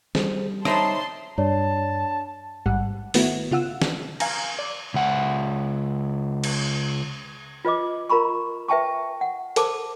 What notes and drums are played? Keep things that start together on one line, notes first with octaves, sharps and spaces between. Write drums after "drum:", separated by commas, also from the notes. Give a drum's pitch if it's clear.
G3 G#4 A4 C5, drum: snare
D#4 C5 C#5 E5 A5 B5 C6, drum: rim click
G2 D4 C#5 D5 A5
A1 G#2 G3 F#5
D#3 A3 B3 E4 F#4, drum: open hi-hat
C#3 F4 F#5 E6
drum: snare
F5 G#5 A#5, drum: cymbal
D5
C#2 F#5
drum: cymbal
F4 B4 D#5 D6
F4 A#4 A#5 B5 C#6
B4 E5 G5 A5 C#6
F#5
A4 A#4 C5 A5 D6, drum: hi-hat